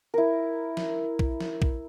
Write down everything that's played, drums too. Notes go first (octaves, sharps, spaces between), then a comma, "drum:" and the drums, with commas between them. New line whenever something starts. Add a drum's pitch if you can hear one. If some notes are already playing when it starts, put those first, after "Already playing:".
E4 A#4
drum: snare
drum: kick
drum: snare
drum: kick